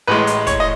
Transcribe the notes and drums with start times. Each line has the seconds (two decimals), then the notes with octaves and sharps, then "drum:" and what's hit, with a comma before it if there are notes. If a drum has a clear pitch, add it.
0.07 A1 A2 G#3 B4
0.27 drum: hi-hat
0.47 C#5, drum: kick, hi-hat
0.60 D#5